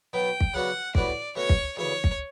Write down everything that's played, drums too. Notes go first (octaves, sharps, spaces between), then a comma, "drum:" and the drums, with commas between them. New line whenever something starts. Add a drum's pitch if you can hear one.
B2 F#3 B3 G5
drum: kick
C#3 F#3 B3 D4 F#4 F#5
A2 G3 B3 F#4 D5, drum: kick
B2 A3 C#4 F#4 C#5
drum: kick
D2 C#3 E3 C#5
drum: kick